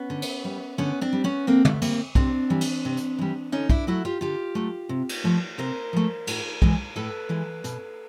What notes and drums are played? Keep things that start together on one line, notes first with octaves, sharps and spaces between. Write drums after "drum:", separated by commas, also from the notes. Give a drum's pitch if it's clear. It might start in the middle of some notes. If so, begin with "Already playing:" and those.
Already playing: B3 C#4
D3
drum: cymbal
G3
D3 B3 C#4
C4 D4
G3
B3 C#4
D3 A#3 C4
A3 B3, drum: tom
G3 A#3 C4, drum: cymbal
C3 C4 D4, drum: kick
E3 G3
drum: cymbal
C3
drum: hi-hat
E3 G3
D3 C#4 D#4
D4 E4, drum: kick
F#3 A3 E4 F#4
F4 G4
D3 F4 G4
F#3 A3
C3
drum: cymbal
F3 A3
C3 A#4 C5
F3 A3
A2, drum: cymbal
E3 G#3, drum: kick
A2 A4 B4
E3 G#3
B2, drum: hi-hat